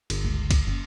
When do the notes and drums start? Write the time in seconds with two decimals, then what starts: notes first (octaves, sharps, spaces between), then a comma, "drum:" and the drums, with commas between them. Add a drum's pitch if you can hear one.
0.10 G1, drum: cymbal
0.24 C#2
0.51 drum: kick, cymbal
0.67 F#1